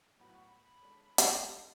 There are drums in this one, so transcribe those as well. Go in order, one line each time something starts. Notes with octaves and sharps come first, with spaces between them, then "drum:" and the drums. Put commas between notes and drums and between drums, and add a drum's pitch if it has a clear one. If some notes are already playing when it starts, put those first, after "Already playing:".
A2 F#3 B3 F#4 B5
C#6
B5
G#3 D4 A4 C#5
drum: hi-hat
G#3 D4 A4 C#5 A5